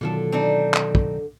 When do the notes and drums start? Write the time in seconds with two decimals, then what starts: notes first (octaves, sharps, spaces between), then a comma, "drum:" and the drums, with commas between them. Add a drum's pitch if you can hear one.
0.01 B2 D3 D#3 F#3 F4 A4
0.32 C4 D4 D#4
0.74 drum: clap
0.95 drum: kick